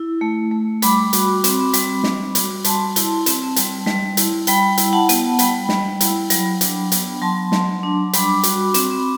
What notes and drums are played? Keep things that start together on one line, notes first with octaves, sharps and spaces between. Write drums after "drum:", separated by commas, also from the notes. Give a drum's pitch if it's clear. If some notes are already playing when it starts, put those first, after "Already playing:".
Already playing: E4
A3
A3
G3 B5 D6, drum: hi-hat
F#4, drum: hi-hat
C4, drum: hi-hat
G3, drum: hi-hat
G3, drum: snare
F#4, drum: hi-hat
G3 A5 C6, drum: hi-hat
E4, drum: hi-hat
C4, drum: hi-hat
G3, drum: hi-hat
G3, drum: snare
E4, drum: hi-hat
G3 G5 B5, drum: hi-hat
E4, drum: hi-hat
F#5 A5
B3, drum: hi-hat
G3 G5 B5, drum: hi-hat
G3, drum: snare
E4, drum: hi-hat
F#3, drum: hi-hat
D4, drum: hi-hat
B3, drum: hi-hat
F#3 A5 C6
F#3, drum: snare
D4
G3 B5 D6, drum: hi-hat
F#4, drum: hi-hat
C4, drum: hi-hat